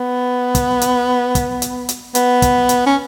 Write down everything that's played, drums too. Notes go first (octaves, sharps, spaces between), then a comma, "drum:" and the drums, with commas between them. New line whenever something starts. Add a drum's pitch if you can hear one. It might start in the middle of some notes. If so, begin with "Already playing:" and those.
Already playing: B3
drum: kick, hi-hat
drum: hi-hat
drum: kick, hi-hat
drum: hi-hat
drum: hi-hat
B3, drum: hi-hat
drum: kick, hi-hat
drum: hi-hat
C#4